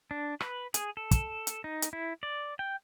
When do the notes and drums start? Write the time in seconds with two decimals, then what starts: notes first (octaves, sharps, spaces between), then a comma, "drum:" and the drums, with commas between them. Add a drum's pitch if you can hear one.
0.11 D4
0.40 B4, drum: rim click
0.74 G#4, drum: hi-hat
0.97 A4
1.11 drum: kick, hi-hat
1.47 drum: hi-hat
1.64 D#4
1.82 drum: hi-hat
1.93 E4
2.23 D5
2.59 G5